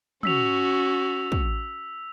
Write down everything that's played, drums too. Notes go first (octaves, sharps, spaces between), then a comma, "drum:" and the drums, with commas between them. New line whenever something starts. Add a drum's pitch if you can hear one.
C#4 F#4 E6 B6 F7, drum: tom
drum: kick